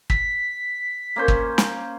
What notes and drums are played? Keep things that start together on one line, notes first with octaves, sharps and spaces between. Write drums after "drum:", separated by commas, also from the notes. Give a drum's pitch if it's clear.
B6, drum: kick
A#3 C#4 C5
drum: kick
drum: snare